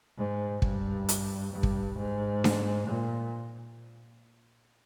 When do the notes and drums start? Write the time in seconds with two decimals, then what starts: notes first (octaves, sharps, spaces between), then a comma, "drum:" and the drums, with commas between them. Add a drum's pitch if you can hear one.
0.17 G#2
0.62 G2, drum: kick
1.09 drum: hi-hat
1.52 G2
1.63 drum: kick
1.98 G#2
2.44 drum: snare D4
2.87 A#2